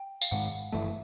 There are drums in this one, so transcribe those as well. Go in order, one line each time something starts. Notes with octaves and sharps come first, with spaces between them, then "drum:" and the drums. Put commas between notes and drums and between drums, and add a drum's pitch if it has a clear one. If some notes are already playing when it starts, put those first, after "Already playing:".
Already playing: G5
F5, drum: tambourine
G#2 D#3 G#3 F#5
G1 G2 E3 A3 E5